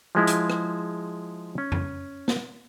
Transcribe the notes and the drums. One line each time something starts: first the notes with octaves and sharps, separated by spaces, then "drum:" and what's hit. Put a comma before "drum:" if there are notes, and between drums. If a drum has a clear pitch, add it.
F3 G#3 E4
drum: hi-hat
drum: rim click
C#4
drum: tom F2
drum: snare